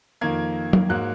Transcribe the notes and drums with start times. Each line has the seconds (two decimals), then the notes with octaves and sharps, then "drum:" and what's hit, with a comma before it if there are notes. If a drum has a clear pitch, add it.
0.21 F2 D#3 A#3 G#6
0.73 drum: tom
0.89 G#2 F#3 A#3 F#6